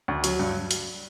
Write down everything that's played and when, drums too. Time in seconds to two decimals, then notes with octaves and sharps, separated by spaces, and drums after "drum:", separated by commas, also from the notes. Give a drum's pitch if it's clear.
0.08 D2
0.24 F#3, drum: hi-hat
0.40 G2
0.71 drum: hi-hat